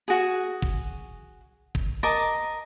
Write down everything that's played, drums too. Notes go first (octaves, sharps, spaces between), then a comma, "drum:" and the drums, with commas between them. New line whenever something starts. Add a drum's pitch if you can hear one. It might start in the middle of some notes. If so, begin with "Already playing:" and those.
F#4 G#4
drum: kick G#1
drum: kick G#1
A#4 D#5 A5 D6